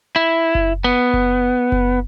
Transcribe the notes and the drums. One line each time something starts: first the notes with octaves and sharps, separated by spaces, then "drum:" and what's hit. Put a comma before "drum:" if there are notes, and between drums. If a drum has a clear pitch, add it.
E4
drum: kick F#1
B3
drum: kick F#1
drum: kick F#1